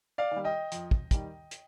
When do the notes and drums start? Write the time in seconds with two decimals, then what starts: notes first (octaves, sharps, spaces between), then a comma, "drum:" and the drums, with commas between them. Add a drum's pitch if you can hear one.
0.18 D5 F5
0.31 D#3
0.36 G3
0.44 D#5 G5
0.72 F2, drum: hi-hat
0.91 drum: kick
1.11 D#3 G3, drum: kick, hi-hat
1.51 drum: hi-hat